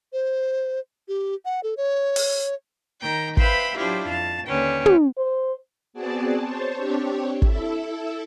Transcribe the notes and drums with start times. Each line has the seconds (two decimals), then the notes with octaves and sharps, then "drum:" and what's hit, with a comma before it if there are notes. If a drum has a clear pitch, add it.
0.13 C5
1.08 G4
1.45 F#5
1.63 A4
1.77 C#5
2.16 drum: open hi-hat
3.02 D#3 G5 A#5
3.37 B4 C5 E5 F5 G5 B5, drum: kick
3.77 F#3 D4 E4 F4 G4 C5
4.07 F2 F5 A5
4.47 D#2 D3 C#4 B4 G5
4.86 drum: tom
5.18 C5
5.93 B3 C4 F#4 G#4 D5 A5
6.39 C5 C#5 A5
6.75 C4 D4 G4 C#5
7.42 E4 A4 E5, drum: kick